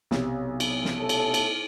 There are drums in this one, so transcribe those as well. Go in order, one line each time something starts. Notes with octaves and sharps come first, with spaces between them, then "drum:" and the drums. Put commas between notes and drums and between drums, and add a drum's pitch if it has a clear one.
B1 C3, drum: snare
drum: cymbal
drum: snare
A3 C#4 A4
drum: cymbal
drum: cymbal